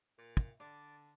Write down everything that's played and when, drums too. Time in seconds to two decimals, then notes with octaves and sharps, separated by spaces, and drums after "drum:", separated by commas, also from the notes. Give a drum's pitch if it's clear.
0.18 A#2
0.37 drum: kick
0.60 D3 D5